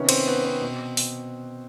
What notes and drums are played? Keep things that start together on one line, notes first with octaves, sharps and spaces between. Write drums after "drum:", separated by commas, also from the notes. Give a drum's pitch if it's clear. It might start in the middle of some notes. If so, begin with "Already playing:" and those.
Already playing: C3 D#3 B3 C#4
C4, drum: cymbal
B3
C4
B2
drum: open hi-hat